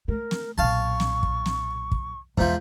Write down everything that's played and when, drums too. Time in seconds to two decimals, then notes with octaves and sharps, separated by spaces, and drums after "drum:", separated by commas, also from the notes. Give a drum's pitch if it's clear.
0.08 A3 A#4
0.31 drum: snare
0.58 B1 A#2 F5 A5 C#6
1.00 drum: snare
1.23 drum: kick
1.46 drum: snare
1.92 drum: kick
2.38 E2 G#2 F3 E5, drum: kick